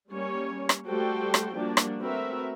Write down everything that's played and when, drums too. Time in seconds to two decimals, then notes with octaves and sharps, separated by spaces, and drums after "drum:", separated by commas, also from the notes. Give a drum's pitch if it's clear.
0.11 G3 A#3 C#4 C#5
0.69 drum: rim click
0.88 G3 A3 F#4 A4 C5 G5
1.34 drum: rim click
1.55 F3 G3 A#3 D4 F#4
1.77 drum: rim click
2.02 A3 C4 F#4 A#4 B4 E5